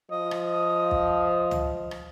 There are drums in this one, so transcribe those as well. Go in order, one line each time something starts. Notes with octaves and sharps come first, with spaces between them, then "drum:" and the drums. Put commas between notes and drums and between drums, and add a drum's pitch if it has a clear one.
F3 D#5
drum: rim click
drum: kick
drum: tom
drum: rim click